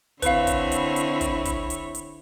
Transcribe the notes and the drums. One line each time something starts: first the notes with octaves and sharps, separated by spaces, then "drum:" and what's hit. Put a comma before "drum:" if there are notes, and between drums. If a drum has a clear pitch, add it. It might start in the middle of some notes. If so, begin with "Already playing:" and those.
D3 C4 E4 B4 C#5 F5, drum: kick, hi-hat
drum: kick, hi-hat
drum: hi-hat
drum: hi-hat
drum: kick, hi-hat
drum: kick, hi-hat
drum: hi-hat
drum: hi-hat